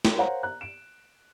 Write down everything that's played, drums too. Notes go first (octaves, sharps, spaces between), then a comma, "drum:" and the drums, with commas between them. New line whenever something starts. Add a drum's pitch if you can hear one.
drum: snare
A#4 C5 C#5 F5 F#5 A#5
A#5 F#6
D7 E7